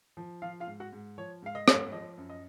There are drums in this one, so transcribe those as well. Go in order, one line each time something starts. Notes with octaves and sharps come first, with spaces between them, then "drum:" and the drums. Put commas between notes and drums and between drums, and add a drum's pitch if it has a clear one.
F3
F3 F4 F5
F4 F5
G#2
F#4 F#5
G#2
F3 C#5
G#2 F5
D#5
G#2, drum: rim click
F3 D#5
F#2
D#5